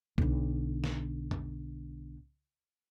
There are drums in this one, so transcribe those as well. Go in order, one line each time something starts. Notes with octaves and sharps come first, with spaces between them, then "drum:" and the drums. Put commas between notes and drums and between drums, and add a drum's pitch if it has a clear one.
B1 D3, drum: kick C2
drum: snare
drum: tom